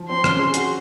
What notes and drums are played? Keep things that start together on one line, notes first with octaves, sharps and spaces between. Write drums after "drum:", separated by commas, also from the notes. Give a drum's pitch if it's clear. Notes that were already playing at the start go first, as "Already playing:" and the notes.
Already playing: F3
C4 C6
C#4, drum: rim click
G#4
F#4, drum: hi-hat